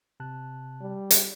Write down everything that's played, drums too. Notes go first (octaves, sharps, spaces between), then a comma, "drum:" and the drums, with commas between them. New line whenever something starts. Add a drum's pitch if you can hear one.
C3 A5 F#6
G3
drum: hi-hat